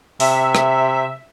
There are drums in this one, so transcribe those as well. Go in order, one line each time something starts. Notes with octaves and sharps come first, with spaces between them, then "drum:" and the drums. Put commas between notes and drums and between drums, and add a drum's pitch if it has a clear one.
C3 E5, drum: open hi-hat
drum: rim click